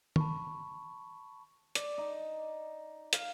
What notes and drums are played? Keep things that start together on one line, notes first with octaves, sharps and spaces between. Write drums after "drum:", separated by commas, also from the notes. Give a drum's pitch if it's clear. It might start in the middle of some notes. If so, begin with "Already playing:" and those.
A5 B5 C#6, drum: tom
D5, drum: hi-hat
D#4
F5, drum: hi-hat